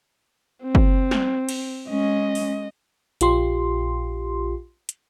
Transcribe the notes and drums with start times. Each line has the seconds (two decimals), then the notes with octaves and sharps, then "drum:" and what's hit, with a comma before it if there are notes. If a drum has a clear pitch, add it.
0.63 C4
0.75 drum: kick F#1
1.11 drum: snare
1.49 drum: cymbal
1.89 G#3 C#4 D#5
2.35 drum: open hi-hat
3.21 A#1 F4 G4 C6, drum: hi-hat
4.89 drum: hi-hat